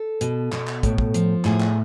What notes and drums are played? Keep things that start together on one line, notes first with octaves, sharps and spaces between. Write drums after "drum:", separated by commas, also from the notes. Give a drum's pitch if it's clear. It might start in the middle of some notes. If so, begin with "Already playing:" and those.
Already playing: A4
B2, drum: hi-hat
B2, drum: clap
drum: clap
A2, drum: kick, hi-hat
drum: kick
F3, drum: hi-hat
A2 G#4, drum: clap
drum: clap